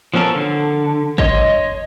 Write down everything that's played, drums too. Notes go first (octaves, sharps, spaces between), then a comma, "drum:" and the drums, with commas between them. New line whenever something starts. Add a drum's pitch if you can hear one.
F3 B3 C#4 A4 A#4
D3
C#5 D#5 C6, drum: kick G#1